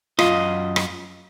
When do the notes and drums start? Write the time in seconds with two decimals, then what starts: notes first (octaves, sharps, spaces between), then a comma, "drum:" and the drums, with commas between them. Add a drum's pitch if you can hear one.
0.19 F#2 F4 D#5, drum: rim click
0.76 drum: rim click